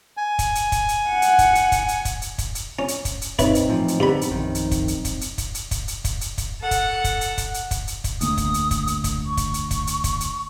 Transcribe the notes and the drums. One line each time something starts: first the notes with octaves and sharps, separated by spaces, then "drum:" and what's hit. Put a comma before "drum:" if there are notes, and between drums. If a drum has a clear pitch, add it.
G#5
drum: kick, hi-hat
drum: hi-hat
drum: kick, hi-hat
drum: hi-hat
F#5
drum: hi-hat
drum: kick, hi-hat
drum: hi-hat
drum: kick, hi-hat
drum: hi-hat
drum: kick, hi-hat
drum: hi-hat
drum: kick, hi-hat
drum: hi-hat
C#4
drum: hi-hat
drum: kick, hi-hat
drum: hi-hat
F#2 A#2 C4 D#4 B4 C#5 E5, drum: kick, hi-hat
drum: hi-hat
A2 E3 F3
drum: hi-hat
G2 D3 B3 B5
drum: hi-hat
A#1 F#2 D#3
drum: hi-hat
drum: kick, hi-hat
drum: hi-hat
drum: kick, hi-hat
drum: hi-hat
drum: kick, hi-hat
drum: hi-hat
drum: kick, hi-hat
drum: hi-hat
drum: kick, hi-hat
drum: hi-hat
drum: kick, hi-hat
A4 F#5
drum: kick, hi-hat
drum: kick, hi-hat
drum: hi-hat
drum: kick, hi-hat
drum: hi-hat
drum: kick, hi-hat
drum: hi-hat
drum: kick, hi-hat
D2 A#3 D#6, drum: hi-hat
drum: kick, hi-hat
drum: hi-hat
drum: kick, hi-hat
drum: hi-hat
drum: kick, hi-hat
C#6
drum: kick, hi-hat
drum: hi-hat
drum: kick, hi-hat
drum: hi-hat
drum: kick, hi-hat
drum: hi-hat